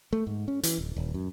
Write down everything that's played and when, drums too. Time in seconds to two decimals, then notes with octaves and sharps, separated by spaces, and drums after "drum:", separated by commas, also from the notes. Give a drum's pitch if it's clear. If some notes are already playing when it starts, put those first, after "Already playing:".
0.13 A3
0.27 G#2
0.48 C#4
0.63 E3, drum: hi-hat
0.78 D1
0.96 D#1
1.14 F#2